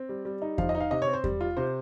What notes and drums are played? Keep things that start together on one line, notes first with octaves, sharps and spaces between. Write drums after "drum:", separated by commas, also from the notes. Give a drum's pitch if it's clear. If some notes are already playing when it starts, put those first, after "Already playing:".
Already playing: C4
G3
G3
D#4
F3 F5, drum: kick E2
D#5
D#4
F5
C3 D#5
C#5
C4
C5
G3, drum: kick E2
F4
C3 C5